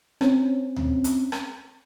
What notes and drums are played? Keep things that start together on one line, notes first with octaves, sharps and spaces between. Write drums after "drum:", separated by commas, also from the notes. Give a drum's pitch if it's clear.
C4 C#4, drum: rim click
drum: tom D2
drum: hi-hat
drum: rim click